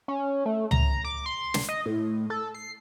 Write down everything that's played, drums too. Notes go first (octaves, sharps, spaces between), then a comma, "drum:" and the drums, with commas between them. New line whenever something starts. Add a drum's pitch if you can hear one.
C#4
A3
A#5, drum: tom C#2
D6
C6
drum: snare
D#5
A2
A4
C7